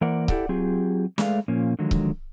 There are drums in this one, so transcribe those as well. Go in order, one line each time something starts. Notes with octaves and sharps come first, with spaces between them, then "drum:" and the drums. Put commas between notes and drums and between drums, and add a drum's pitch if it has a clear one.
E3 A#3 A#4 C5 D5 F#5
E4 G4 A4 D5 F#5, drum: kick C#1
F#3 C4 F4 G4 G#4
G#3 A3 G#4 B4 D5 F5, drum: snare
A#2 F3 A#3 C#4
D3 D#3 F3 F#3 G#3
drum: kick C#1